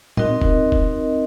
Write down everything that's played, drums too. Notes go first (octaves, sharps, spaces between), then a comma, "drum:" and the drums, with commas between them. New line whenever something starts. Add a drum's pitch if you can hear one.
C4 D#4 F#4 A#4 D#5, drum: tom A2
drum: kick E1
drum: kick E1